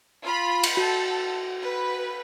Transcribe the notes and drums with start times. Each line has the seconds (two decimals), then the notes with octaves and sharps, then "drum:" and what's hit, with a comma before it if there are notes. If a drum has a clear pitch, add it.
0.23 F4 B5
0.63 drum: cymbal
0.77 F#4 A4
1.61 B4